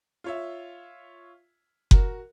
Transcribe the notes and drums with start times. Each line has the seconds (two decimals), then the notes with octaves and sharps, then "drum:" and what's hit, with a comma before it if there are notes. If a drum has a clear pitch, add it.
0.24 F4 C#5 E5
1.91 F#4 A#4, drum: kick F#1